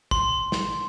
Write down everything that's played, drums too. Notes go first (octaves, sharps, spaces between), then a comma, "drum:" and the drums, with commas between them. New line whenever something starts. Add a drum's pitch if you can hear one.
C6, drum: kick A1
drum: snare